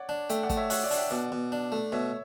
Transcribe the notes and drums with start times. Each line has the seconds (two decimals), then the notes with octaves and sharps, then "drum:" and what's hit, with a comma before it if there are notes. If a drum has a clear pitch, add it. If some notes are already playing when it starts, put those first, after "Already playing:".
Already playing: C#5 D5 F#5
0.09 D4
0.30 A3 E5 G5, drum: hi-hat
0.43 D5 F#5
0.50 A3, drum: kick, hi-hat
0.57 C#5 E5
0.70 F#4 C#5 E5, drum: open hi-hat
0.84 D5 F#5
0.91 D4, drum: open hi-hat
0.97 E5 G5
1.11 B2 D5 F#5
1.32 B2
1.52 D4
1.72 A3
1.92 B2 C#5 E5